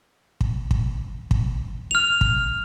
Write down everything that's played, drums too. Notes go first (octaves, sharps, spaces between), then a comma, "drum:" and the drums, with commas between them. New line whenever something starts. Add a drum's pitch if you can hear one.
drum: kick
drum: kick
drum: kick
F6 F7
drum: kick